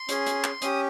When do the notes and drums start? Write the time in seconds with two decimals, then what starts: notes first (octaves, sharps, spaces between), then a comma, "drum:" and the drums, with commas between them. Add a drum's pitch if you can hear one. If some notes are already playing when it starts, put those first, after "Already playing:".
Already playing: C6
0.09 C#4 G#4, drum: hi-hat
0.26 drum: hi-hat
0.44 drum: clap
0.62 C#4 G4 D#6, drum: hi-hat